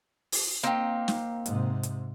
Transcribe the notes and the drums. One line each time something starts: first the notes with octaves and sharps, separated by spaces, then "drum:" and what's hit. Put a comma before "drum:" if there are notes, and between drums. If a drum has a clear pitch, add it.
drum: open hi-hat
A#3 C4 D#4 G4
drum: snare
G#2 C3, drum: hi-hat
drum: hi-hat